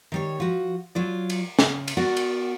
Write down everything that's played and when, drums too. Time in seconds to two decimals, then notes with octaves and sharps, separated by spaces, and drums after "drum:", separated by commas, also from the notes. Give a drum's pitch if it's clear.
0.12 D#3 G3 C#5
0.40 F3 F#4
0.95 F#3 F4 D5
1.30 drum: cymbal
1.59 C#3, drum: snare
1.88 drum: cymbal
1.97 B3 F#4 A#4 D5 F#5
2.17 drum: cymbal